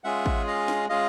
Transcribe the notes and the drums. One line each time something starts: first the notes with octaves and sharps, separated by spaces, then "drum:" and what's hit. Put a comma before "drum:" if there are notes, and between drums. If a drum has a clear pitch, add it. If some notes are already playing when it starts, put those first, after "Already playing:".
G#3 C#4 F4 G#4 E5 F#5
drum: kick
D#5 F5
drum: snare
G#3 C#4 F4 G#4 D#5 F5